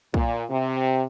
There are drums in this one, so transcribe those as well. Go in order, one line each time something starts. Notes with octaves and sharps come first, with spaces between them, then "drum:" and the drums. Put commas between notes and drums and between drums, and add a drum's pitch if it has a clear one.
A#2, drum: kick
C3